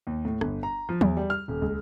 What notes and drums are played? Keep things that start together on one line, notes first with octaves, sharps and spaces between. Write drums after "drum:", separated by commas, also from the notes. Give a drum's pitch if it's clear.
D#2
A2
G1, drum: rim click
A#5
F3
E2, drum: tom F3
G3
F6
D#1
C#2